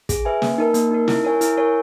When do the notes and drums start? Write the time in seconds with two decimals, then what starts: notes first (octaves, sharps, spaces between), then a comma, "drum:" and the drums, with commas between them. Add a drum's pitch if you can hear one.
0.09 G#4, drum: kick, hi-hat
0.25 B4 E5 G#5
0.42 A#3, drum: snare
0.58 D#4 A#4
0.74 A#3, drum: hi-hat
0.91 D#4 A#4
1.08 E4, drum: snare
1.25 A#4 C#5 G#5
1.41 E4, drum: hi-hat
1.57 A#4 C#5 G#5